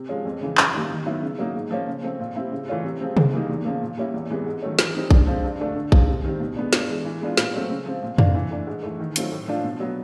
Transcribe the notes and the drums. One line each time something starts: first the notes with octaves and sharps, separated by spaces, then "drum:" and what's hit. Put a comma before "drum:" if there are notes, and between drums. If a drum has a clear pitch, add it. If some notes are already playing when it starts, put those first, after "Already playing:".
Already playing: C3
F3 G#3 C#4 F4
F2
C#3 E3
F#2, drum: clap
D#3 G3 A#3
D#3
F#3 B3 E4
C#3
F#3 A#3 D#4
G#2
F3 A#3 C#4
C#3
F3 A3 C4
A#2
G3 C4 E4
C#3
E3 A3 C#4 F4
C3
F3 G#3 C4
G#2, drum: tom C3
E3 G3 A#3 D#4
E2
C#3 F3 A#3
A#2
G3 A#3 C#4 E4
E2
C3 E3 G#3 B3
G#2
D#3 F#3 A3 C#4
E3, drum: snare
G3 C4 D#4
D3, drum: kick A#1
F3 G#3 C4
G2
D3 F3 A3 D4
D3
F3 G#3, drum: kick A#1
C3
D#3 G3 C4
B2
G#3 B3 D4
G2, drum: snare
E3 G#3
E3
G#3 B3 D4 F4
A#2, drum: snare
F#3 A3 C4
C#3
F3 G#3 C4
A#2
F3 A#3 D4, drum: tom F2
E3
A3 D4
G#2
E3 A3
D#3
F#3 A3 C4 F4, drum: hi-hat
A2
F3 A3 D4 F4
B2
F#3 B3